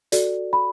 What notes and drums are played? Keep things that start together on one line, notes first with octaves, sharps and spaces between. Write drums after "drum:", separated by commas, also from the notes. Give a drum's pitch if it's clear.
F#4 A4 D5, drum: hi-hat
B5